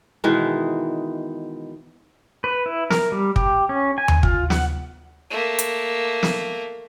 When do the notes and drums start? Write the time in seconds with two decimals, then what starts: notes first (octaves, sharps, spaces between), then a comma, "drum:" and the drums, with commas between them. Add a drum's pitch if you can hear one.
0.24 B2 D#3 E3 G#3
2.44 B4
2.66 E4
2.90 A#4, drum: snare
3.12 G3
3.36 G4, drum: kick
3.69 C#4
3.98 G#5
4.08 drum: tom D#2
4.23 F4, drum: kick
4.50 F#5, drum: snare
5.30 A3 A#3
5.59 drum: hi-hat
6.23 drum: snare